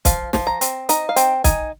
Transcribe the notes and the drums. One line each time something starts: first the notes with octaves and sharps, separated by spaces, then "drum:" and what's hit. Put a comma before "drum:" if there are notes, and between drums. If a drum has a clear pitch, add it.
F3 F5, drum: kick, hi-hat
F3, drum: snare
A#5
C4, drum: hi-hat
D#4 A#5, drum: hi-hat
F5
C4 G5, drum: hi-hat
D#4 G#5, drum: kick, hi-hat